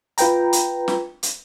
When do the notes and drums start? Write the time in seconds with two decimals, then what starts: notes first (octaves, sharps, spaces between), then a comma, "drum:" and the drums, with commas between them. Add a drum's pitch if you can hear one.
0.18 F4 B4 G5 A#5, drum: hi-hat
0.53 drum: hi-hat
0.88 drum: snare
1.23 drum: hi-hat